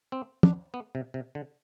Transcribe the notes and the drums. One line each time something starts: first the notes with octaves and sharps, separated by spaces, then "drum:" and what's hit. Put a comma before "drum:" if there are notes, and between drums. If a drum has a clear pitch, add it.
C4
D4, drum: tom
B3
C3
C3
D3